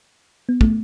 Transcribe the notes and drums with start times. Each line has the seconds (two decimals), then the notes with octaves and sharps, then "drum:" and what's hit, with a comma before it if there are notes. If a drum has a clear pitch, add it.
0.49 B3
0.61 A3, drum: kick